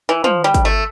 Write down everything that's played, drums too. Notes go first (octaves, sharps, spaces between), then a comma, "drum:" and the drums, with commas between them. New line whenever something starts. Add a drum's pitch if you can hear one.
E3
F3, drum: tom
G3
drum: kick, hi-hat
A3